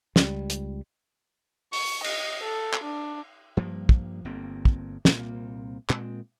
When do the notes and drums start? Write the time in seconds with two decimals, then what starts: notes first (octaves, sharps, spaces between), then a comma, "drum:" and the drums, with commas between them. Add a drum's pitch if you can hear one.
0.16 C#2 G3, drum: snare
0.50 drum: hi-hat
1.73 C#6, drum: open hi-hat
2.04 D#5, drum: cymbal
2.43 A4
2.74 drum: clap
2.84 D4
3.57 G2 F3 G3 A#3
3.89 drum: kick
4.25 G1 G2 A#3 C4
4.65 drum: kick
5.05 C2 A#2 A#3 C4, drum: snare
5.90 A#2 G#3 C4, drum: clap